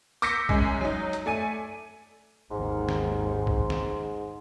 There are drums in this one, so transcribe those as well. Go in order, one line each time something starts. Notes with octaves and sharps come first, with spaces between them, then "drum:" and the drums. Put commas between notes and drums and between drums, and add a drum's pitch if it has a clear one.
D6 E6 G6 A#6 B6 C#7, drum: tambourine
F#2 G#3 G#5, drum: kick
F#3 D#4
drum: hi-hat
A3 D5 G#5 D#7
G#1 D#2 G#2
drum: snare
drum: kick
drum: snare